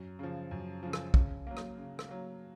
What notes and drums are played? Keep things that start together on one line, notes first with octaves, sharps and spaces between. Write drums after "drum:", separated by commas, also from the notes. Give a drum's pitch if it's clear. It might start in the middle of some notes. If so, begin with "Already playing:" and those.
Already playing: F#2
C#3 F3
F#2
C#3 F3
drum: rim click
C#3, drum: kick
F#3 A#3
drum: rim click
C#3
drum: rim click
F#3 A#3